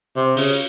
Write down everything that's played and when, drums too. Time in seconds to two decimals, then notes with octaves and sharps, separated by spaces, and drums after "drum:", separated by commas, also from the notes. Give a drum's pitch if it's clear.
0.16 C3
0.37 C#3, drum: open hi-hat